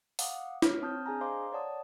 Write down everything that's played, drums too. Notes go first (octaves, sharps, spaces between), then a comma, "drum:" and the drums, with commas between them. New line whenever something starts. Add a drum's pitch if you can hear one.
F5 F#5 D6 D#6, drum: open hi-hat
C#5 F6, drum: snare
C4 A5 D#6 F6 G6
D4 G#4 G#5 A#5
C5 D#5 F5 A#5 C6 D6
C#5 D5 F#5 A5 D#6